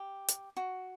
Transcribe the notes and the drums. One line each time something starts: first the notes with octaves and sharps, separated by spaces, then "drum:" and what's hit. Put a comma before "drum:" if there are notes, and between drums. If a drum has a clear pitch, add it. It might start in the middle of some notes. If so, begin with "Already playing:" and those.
Already playing: G4
drum: hi-hat
F#4